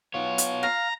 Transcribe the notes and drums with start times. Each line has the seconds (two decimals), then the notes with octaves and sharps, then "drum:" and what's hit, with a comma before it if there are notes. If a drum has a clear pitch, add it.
0.14 B3 F4 C#5
0.38 drum: hi-hat
0.63 F5 A#5